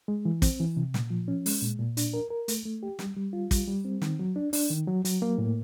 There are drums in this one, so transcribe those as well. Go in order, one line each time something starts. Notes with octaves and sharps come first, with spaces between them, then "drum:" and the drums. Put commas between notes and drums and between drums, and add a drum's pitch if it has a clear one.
G#3
E3
C4, drum: kick, hi-hat
E3
C3
A#2, drum: snare
F3
C#4
G#3, drum: open hi-hat
A#2
A#2
D4, drum: hi-hat
A#4
A#4
A3, drum: hi-hat
A3
G4
G3, drum: snare
G3
F4
G3, drum: kick, hi-hat
G3
C4
D#3, drum: snare
F#3
D4
D4, drum: open hi-hat
D#3
F#3
F#3, drum: hi-hat
A#3
A2